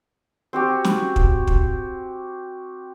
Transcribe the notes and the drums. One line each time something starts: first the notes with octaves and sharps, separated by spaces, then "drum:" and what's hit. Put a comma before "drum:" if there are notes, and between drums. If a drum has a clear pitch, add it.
C4 F#4 G4 G#5
drum: snare
drum: kick
drum: kick